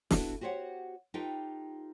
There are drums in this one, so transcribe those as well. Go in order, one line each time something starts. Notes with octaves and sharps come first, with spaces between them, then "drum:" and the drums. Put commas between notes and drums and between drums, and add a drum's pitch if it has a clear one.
B3 D4 E4 F#4 A4, drum: snare
F#4 G4 C5 C#5 F#5
D#4 F4 G4 A4 B4 G5